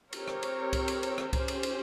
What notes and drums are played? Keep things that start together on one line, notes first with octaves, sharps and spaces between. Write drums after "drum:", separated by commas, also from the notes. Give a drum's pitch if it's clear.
C4 G4 A#4 C#5, drum: cymbal
drum: rim click
drum: cymbal
drum: kick C2, cymbal
drum: cymbal
drum: cymbal
drum: rim click
C#4 G4 C5, drum: kick C2, cymbal
drum: cymbal
drum: cymbal